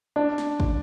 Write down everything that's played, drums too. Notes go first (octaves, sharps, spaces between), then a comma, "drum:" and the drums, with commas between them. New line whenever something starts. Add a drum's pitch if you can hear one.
D4
drum: snare
drum: kick